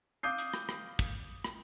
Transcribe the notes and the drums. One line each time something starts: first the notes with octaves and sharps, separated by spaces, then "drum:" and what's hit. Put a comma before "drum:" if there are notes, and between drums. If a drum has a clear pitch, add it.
F5 D6 D#6 G6 C7
drum: hi-hat
drum: rim click
drum: rim click
drum: kick, hi-hat
drum: rim click